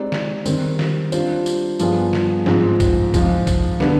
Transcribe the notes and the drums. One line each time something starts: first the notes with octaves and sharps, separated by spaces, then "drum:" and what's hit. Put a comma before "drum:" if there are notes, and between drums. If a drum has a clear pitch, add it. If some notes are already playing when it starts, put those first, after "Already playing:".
Already playing: G#3 C4 D#4 G4 D5
drum: snare
D#3 G3 C4, drum: tambourine
drum: snare
G3 D4 F4 C5, drum: tambourine
drum: tambourine
G2 F3 B3 F4 G#4, drum: tambourine
drum: snare
G#2 F3 G#3 C4 F4, drum: snare
drum: kick, tambourine
G#2 F3 G#3, drum: kick, tambourine
drum: kick, tambourine
D3 G3 B3 D4, drum: snare